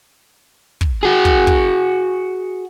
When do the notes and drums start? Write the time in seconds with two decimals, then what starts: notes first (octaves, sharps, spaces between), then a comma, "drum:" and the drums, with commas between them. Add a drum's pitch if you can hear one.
0.81 drum: kick
1.03 F#4 G#4
1.25 drum: kick
1.47 drum: kick